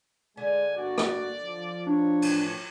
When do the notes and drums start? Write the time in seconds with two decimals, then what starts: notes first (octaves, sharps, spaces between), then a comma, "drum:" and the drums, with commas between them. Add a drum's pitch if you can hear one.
0.37 D3 G#3 G#5
0.77 G2 A#3 F#4 D5
0.98 drum: rim click
1.43 F3
1.87 D4 C#5
2.22 A2 E3, drum: cymbal